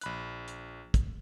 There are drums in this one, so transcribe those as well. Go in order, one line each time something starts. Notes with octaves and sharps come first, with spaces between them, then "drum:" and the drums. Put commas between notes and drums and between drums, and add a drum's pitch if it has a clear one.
A#1 B5 F#6, drum: hi-hat
drum: hi-hat
drum: kick, hi-hat